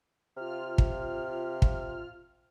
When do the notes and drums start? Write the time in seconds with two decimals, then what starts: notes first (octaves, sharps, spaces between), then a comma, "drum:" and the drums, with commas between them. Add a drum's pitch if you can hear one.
0.36 C3 F4 F6
0.78 drum: kick
1.62 drum: kick